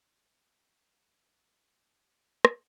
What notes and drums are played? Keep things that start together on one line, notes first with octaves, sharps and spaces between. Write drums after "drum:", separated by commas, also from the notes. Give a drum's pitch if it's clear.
D#1 G#1 E4 A#5 G6 B6
drum: rim click